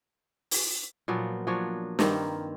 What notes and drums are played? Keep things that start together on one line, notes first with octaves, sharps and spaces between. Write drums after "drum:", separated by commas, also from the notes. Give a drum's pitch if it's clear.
drum: open hi-hat
A#2 F3 F#3 B3
F3 F#3 D4 C#5
G2 D#3 A#3 C4, drum: snare